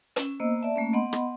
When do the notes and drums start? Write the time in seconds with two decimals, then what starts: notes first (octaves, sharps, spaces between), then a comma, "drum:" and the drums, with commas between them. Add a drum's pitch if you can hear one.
0.16 C#4, drum: hi-hat
0.40 A#3 B3 C5 D#5 E6
0.61 D5 E5 A5
0.76 A3 A#3 C#4
0.93 B3 D#5 F#5 B5 C6
1.13 drum: rim click